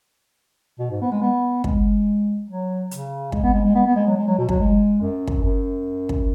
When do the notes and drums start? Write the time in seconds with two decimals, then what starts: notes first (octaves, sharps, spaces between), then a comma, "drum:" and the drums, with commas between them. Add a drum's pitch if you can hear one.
0.79 B2
0.90 G#2
1.02 B3
1.12 G#3
1.22 B3
1.64 G#3, drum: kick
2.48 F#3
2.91 C#3, drum: hi-hat
3.32 G#3, drum: kick
3.44 B3
3.54 G#3
3.64 G#3
3.75 B3
3.86 B3
3.96 G#3
4.07 F#3
4.17 G#3
4.28 F#3
4.38 B2
4.49 F#3, drum: kick
4.60 G#3
5.01 F#2
5.27 drum: kick
5.43 F#2
6.09 drum: kick